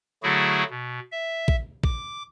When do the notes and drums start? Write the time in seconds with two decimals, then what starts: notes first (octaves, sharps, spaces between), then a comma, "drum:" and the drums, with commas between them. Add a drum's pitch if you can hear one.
0.23 D3 F#3 A3 E4 F#4 G#4
0.70 B2
1.11 E5
1.48 drum: kick A#1
1.84 D6, drum: kick A#1